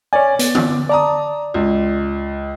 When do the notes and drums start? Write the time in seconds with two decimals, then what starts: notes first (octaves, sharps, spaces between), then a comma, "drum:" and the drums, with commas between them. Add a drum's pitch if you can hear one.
0.13 C#5 D5 G#5
0.39 B3, drum: hi-hat
0.55 drum: tom D3
0.89 D5 A5 A#5 D#6
1.54 C#2